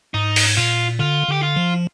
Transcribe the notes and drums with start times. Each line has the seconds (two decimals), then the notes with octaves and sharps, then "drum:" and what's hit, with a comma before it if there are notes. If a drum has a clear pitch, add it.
0.14 G#2 D#4
0.36 drum: open hi-hat
0.57 A#2 F4
0.99 D3 F4
1.28 D3 G4
1.43 F4
1.56 F3